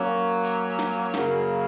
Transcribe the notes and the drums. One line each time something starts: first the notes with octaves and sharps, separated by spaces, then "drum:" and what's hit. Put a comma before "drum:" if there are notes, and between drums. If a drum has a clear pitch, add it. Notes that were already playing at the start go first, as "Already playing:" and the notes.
Already playing: F#3 A#3 C#4
drum: hi-hat
drum: snare
F#2 C#3 F#3 A#3, drum: snare